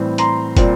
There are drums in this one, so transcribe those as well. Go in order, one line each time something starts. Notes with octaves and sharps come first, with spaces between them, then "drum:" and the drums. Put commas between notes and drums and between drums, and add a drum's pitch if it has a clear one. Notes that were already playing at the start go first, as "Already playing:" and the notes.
Already playing: A2 E3 G3 C4
A#5 C6, drum: hi-hat
A#2 G3 C4, drum: kick, hi-hat